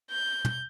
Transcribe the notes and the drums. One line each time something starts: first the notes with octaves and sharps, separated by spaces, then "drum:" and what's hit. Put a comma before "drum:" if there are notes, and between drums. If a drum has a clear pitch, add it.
G6
drum: tom